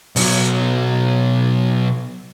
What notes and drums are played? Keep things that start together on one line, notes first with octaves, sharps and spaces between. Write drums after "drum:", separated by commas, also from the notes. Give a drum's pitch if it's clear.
B1 F#3, drum: open hi-hat